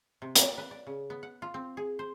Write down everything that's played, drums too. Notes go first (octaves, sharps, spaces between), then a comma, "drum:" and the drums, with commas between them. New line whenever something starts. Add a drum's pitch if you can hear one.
C3
A#3, drum: hi-hat
B4
D5
C#3
B3
F#5
F4
C4
G#4
C5